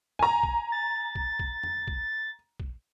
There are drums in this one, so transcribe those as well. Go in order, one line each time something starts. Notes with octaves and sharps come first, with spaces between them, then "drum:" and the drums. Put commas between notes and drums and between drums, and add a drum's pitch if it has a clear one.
G#5 A#5, drum: tom
drum: kick
A6
drum: kick
drum: kick
drum: tom
drum: kick
drum: kick